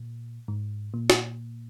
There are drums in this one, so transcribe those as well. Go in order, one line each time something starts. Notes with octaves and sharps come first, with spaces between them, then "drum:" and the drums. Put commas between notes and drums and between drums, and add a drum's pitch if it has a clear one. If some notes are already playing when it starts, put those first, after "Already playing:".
Already playing: A#2
G#2
A#2
drum: snare